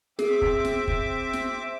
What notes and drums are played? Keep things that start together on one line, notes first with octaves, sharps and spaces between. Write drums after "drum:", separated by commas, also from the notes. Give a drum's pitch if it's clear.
C4 G#4 E5 D6, drum: snare
drum: kick
drum: snare
drum: kick
drum: snare